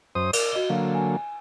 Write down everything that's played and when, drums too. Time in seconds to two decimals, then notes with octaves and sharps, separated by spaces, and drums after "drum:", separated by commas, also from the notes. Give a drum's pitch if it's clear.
0.15 F#2 C5 D#6
0.33 A#4 D5, drum: cymbal
0.52 F#4 D#5 G7
0.70 D3 F#3 A#3 F5
0.94 G#5